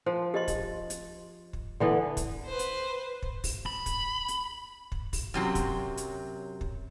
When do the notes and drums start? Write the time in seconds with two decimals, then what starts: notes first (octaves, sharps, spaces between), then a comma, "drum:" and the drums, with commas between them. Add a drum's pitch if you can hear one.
0.06 F3 C5
0.34 G4 D#5 C6
0.48 drum: kick, hi-hat
0.90 drum: hi-hat
1.53 drum: kick
1.80 D3 E3 B3
2.17 drum: kick, hi-hat
2.46 B4 C5
2.59 drum: hi-hat
3.23 drum: kick
3.44 drum: kick, open hi-hat
3.66 B5
3.86 drum: kick, hi-hat
4.28 drum: hi-hat
4.92 drum: kick
5.13 drum: kick, open hi-hat
5.34 F#2 C3 F#3
5.55 drum: kick, hi-hat
5.97 drum: hi-hat
6.61 drum: kick